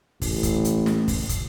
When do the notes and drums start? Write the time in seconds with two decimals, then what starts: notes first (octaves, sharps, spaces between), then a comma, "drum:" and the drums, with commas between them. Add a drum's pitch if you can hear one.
0.21 A1, drum: kick, open hi-hat
0.43 drum: kick, hi-hat
0.65 drum: hi-hat
0.86 drum: snare
1.08 drum: kick, open hi-hat
1.29 drum: kick, hi-hat